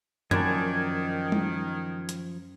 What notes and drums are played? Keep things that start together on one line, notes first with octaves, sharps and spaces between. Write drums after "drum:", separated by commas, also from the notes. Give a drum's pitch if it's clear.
F#2 D#3 F3 D5 A5 G#6, drum: tom F#2
drum: tom G3
drum: hi-hat